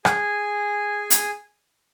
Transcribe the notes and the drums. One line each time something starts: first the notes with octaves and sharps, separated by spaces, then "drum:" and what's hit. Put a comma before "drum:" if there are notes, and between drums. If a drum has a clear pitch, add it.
G#4 G#5, drum: rim click
drum: hi-hat